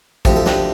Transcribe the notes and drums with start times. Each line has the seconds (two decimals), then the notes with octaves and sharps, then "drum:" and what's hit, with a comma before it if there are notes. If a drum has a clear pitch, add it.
0.25 D2 C3 F3 G4, drum: kick, hi-hat
0.36 A4
0.46 D4 G4, drum: snare